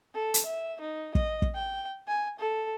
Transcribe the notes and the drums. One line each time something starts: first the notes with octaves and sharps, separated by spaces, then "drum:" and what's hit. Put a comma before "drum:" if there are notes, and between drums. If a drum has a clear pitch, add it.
A4
drum: hi-hat
E5
D#4
D#5, drum: kick
drum: kick
G5
G#5
A4